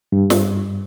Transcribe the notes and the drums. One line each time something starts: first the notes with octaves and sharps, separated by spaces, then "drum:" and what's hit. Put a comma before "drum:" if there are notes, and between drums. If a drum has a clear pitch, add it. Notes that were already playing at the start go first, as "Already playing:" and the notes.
G2
drum: snare